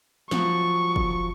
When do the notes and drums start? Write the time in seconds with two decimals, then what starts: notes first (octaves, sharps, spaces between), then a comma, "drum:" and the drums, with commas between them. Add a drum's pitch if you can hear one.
0.31 F3 F#3 C#6, drum: snare
0.96 drum: kick